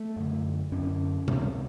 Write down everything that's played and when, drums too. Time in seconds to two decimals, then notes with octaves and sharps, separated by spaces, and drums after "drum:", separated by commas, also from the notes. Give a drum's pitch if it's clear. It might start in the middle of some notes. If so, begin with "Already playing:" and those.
Already playing: A3
0.16 F#2 D3
0.72 F#2 D3 C#4
1.28 C#2 B2, drum: tom B2